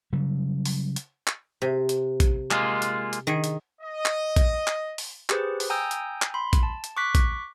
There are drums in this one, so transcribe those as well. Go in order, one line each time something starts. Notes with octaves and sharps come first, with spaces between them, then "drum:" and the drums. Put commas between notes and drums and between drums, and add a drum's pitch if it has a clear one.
C#3 F#3 G3
drum: open hi-hat
drum: hi-hat
drum: clap
C3
drum: hi-hat
drum: kick, hi-hat
G#3 A#3 F4, drum: clap
drum: hi-hat
drum: hi-hat
D#3 G#4 D#5
drum: hi-hat
D#5
drum: clap
drum: kick, hi-hat
drum: clap
drum: open hi-hat
G4 G#4 B4 C5, drum: clap
drum: open hi-hat
G5 G#5 A#5 D#6 E6 G6
drum: hi-hat
drum: clap
B5 C6
drum: kick, hi-hat
A5
drum: hi-hat
C#6 D6 F#6 B6
drum: kick, hi-hat